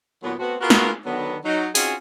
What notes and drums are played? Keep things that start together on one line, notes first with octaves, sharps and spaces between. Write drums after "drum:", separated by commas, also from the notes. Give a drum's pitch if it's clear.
D#2 A#2 F#3 B3
A3 B3 C4 F#4
B3 F4 F#4 G#4 A#4
drum: snare
D3 D#3 F#3 B3
F#3 D#4
C4 C#4 D#4 F4 F#4 G#4, drum: open hi-hat